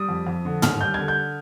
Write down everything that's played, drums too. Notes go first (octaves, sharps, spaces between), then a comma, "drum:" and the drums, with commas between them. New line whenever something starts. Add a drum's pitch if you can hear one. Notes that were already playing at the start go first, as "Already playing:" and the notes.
Already playing: G3 D#6
F2
F2
D3
D#2 F6, drum: tom
G3 G6
D3 G#6
G6